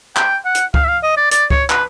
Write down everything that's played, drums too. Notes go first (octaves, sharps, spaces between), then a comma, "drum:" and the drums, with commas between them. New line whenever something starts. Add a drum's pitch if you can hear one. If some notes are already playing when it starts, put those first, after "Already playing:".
G5, drum: clap
F#5
drum: hi-hat
F5, drum: kick C#2
E5
F5
D#5
D5
D5, drum: hi-hat
C#5, drum: kick C#2
B4, drum: clap